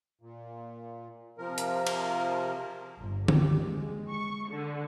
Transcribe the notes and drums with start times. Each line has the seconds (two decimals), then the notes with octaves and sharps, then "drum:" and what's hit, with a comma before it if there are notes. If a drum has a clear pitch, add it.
0.21 A#2
1.38 C3 F3 A#4
1.58 drum: hi-hat
1.87 drum: cymbal
3.00 G1
3.28 G4, drum: tom D3
3.60 G#3
4.10 C#6
4.49 D3